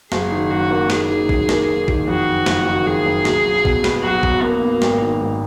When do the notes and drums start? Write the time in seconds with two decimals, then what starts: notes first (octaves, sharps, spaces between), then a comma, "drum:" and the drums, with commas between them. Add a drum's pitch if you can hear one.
0.12 F#1 G#4, drum: snare
0.32 D#3
0.50 F#2 F#4
0.71 A#3
0.90 F#1 G#4, drum: snare
1.10 D#3
1.29 F#2, drum: kick A1
1.49 A#3, drum: snare
1.68 F#1
1.88 D#3, drum: kick A1
2.08 F2 F#4
2.27 F#1
2.46 F#1, drum: snare
2.66 D#3
2.86 F2 G#4
3.06 F#1
3.25 B1, drum: snare
3.45 F#3
3.65 B2, drum: kick A1
3.84 B3, drum: snare
4.04 B1 F#4
4.23 F#3, drum: kick A1
4.43 B2 A#3
4.63 B3
4.82 G#1, drum: snare
5.01 D#3
5.21 G#2